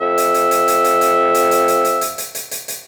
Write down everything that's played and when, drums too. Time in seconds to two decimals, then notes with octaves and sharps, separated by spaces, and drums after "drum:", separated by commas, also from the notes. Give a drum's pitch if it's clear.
0.01 F2 E5
0.18 drum: hi-hat
0.34 drum: hi-hat
0.51 drum: hi-hat
0.68 drum: hi-hat
0.84 drum: hi-hat
1.01 drum: hi-hat
1.35 drum: hi-hat
1.51 drum: hi-hat
1.68 drum: hi-hat
1.85 drum: hi-hat
2.01 drum: hi-hat
2.18 drum: hi-hat
2.35 drum: hi-hat
2.51 drum: hi-hat
2.68 drum: hi-hat